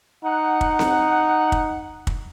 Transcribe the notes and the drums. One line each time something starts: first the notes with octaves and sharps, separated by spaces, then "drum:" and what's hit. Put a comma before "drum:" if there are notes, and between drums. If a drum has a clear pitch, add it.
D#4 F#5
drum: kick
drum: snare C4
drum: kick
drum: kick